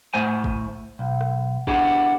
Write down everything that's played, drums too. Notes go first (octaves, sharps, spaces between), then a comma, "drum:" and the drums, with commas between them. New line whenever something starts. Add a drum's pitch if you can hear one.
A2 A3 C5 G#5
drum: kick
B1
drum: rim click
B3 D4 E4 G4 G#4, drum: kick